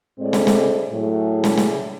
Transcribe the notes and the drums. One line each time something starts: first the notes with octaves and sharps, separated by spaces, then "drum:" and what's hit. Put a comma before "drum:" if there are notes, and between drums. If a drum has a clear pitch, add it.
A2 G#3 C4 G#4 A4 D5
drum: snare
drum: snare
A2 F#3 G#4
drum: snare
drum: snare